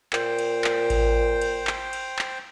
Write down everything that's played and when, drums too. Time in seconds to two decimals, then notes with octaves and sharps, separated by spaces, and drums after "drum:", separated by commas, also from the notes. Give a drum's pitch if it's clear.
0.13 A#2 C5 G5, drum: clap
0.39 drum: cymbal
0.64 drum: clap
0.90 drum: kick A1, cymbal
1.41 drum: cymbal
1.67 drum: clap
1.93 drum: cymbal
2.19 drum: clap